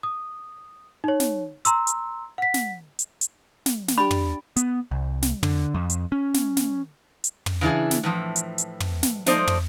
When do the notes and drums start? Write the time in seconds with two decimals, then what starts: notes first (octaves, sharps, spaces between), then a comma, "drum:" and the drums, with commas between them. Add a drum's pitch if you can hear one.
0.03 D#6
1.04 D#4 C#5
1.20 drum: snare
1.65 A#5 C6 E6, drum: hi-hat
1.87 drum: hi-hat
2.38 F#5 B6
2.54 drum: snare
2.99 drum: hi-hat
3.21 drum: hi-hat
3.66 drum: snare
3.88 drum: snare
3.98 D4 G4 B5
4.11 drum: tom
4.56 B3, drum: hi-hat
4.91 C2
5.22 drum: snare
5.43 D3, drum: tom
5.74 F2
5.90 drum: hi-hat
6.12 C#4
6.34 drum: snare
6.57 drum: snare
7.24 drum: hi-hat
7.46 drum: tom
7.61 C#3 E3 D4 E4 G#4
7.91 drum: snare
8.03 A2 E3 F3
8.36 drum: hi-hat
8.58 drum: hi-hat
8.80 drum: tom
9.03 drum: snare
9.26 F3 A3 D#4 C5 D5 D#5, drum: snare
9.47 drum: tom